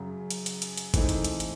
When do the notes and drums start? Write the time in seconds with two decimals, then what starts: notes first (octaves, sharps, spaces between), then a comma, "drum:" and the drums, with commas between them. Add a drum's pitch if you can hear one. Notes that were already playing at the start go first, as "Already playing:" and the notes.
Already playing: F#2 C#3 F#3
0.30 drum: hi-hat
0.46 drum: hi-hat
0.62 drum: hi-hat
0.77 drum: hi-hat
0.94 G#2 E3 A3 C4 D#4, drum: kick G1, hi-hat
1.09 drum: hi-hat
1.24 drum: hi-hat
1.40 drum: hi-hat